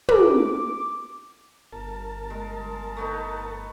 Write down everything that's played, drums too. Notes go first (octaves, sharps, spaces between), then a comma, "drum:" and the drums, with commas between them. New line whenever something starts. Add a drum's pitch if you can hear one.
D6, drum: tom
G1 A#4 A5
G#3
A3 B3 D#4